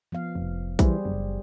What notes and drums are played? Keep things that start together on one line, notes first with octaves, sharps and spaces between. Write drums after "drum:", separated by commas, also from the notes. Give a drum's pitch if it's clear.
F3 B3 F5
F1
E3 G3 G#4 C5, drum: kick, hi-hat
F#1